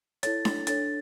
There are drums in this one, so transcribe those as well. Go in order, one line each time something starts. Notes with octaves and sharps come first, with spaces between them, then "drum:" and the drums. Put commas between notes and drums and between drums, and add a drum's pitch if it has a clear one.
E4 A4 C#5 A6, drum: hi-hat
drum: snare D4
D4 A4 C#5 A6, drum: hi-hat